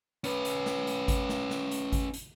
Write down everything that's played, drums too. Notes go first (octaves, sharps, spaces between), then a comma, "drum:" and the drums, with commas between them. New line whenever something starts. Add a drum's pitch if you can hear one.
C#4 B4, drum: hi-hat
drum: hi-hat
drum: snare
drum: hi-hat
drum: kick G#1, hi-hat
drum: snare
drum: snare
drum: hi-hat
drum: kick G#1, hi-hat
drum: hi-hat